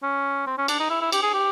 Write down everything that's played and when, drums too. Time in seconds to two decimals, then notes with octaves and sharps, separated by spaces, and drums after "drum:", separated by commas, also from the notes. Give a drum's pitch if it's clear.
0.03 C#4
0.47 C4
0.58 C#4
0.68 D4, drum: cymbal
0.80 D#4
0.90 E4
1.01 E4
1.12 G4, drum: cymbal
1.23 G#4
1.34 G4